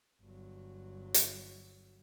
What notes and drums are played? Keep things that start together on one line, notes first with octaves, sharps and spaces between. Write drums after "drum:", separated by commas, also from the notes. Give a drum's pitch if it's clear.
G1 F#3
drum: hi-hat